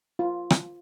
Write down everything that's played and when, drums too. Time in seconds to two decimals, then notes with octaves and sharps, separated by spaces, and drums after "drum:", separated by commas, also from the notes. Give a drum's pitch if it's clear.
0.19 F4
0.50 drum: rim click